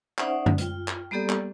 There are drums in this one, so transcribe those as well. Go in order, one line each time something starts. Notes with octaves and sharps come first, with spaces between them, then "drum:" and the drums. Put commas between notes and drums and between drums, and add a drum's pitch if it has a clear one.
C#4 D#4 C5 D5 E5 F#5, drum: clap
drum: tom
F4 G5, drum: hi-hat
drum: clap
G3 A#3 B3 G4 A4 D5
drum: clap